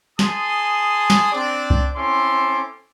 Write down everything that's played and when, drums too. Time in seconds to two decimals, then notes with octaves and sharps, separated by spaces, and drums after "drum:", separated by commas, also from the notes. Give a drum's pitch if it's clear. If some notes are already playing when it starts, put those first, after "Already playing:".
0.19 G#4 G#5 A5 C6 D#6, drum: snare
1.10 drum: snare
1.32 C4 D4 D5
1.70 drum: kick C2
1.96 C4 C#4 E4 A4 C6 D6